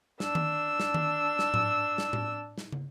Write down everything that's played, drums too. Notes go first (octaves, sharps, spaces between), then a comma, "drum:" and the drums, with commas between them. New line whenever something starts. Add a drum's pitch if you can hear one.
D4 E6, drum: snare
drum: tom D#3
drum: snare
drum: tom D#3
drum: snare
drum: tom A2
drum: snare
drum: tom A2
drum: snare
drum: tom